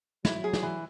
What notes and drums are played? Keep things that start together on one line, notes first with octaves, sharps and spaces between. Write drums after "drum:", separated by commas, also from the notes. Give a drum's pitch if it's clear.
F#3 E4, drum: snare
G#4
drum: snare
E3